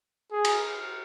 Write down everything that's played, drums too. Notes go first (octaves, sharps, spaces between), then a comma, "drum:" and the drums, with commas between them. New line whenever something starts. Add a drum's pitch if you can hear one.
G#4
drum: cymbal